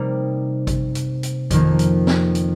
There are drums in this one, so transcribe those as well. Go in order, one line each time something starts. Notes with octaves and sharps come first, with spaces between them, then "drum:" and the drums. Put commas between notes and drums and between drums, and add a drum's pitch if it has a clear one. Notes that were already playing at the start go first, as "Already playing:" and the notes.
Already playing: C3 G3 A#3 D#4
drum: kick A1, hi-hat
drum: hi-hat
drum: hi-hat
F2 D#3 A#3, drum: kick A1, hi-hat
drum: hi-hat
drum: snare
drum: hi-hat